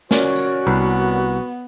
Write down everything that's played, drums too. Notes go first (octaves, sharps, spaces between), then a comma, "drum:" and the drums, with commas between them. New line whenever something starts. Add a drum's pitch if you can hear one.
C#4 F#4 A#4 C#5 D5, drum: snare
drum: tambourine
C2 B3 B4